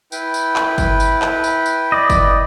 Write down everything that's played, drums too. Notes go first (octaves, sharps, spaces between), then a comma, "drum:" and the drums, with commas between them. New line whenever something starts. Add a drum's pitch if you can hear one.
E4 B4 G5, drum: tambourine
drum: tambourine
drum: clap
drum: kick G1, tambourine
drum: tambourine
drum: clap
drum: tambourine
drum: tambourine
D5 D#5
drum: kick G1, tambourine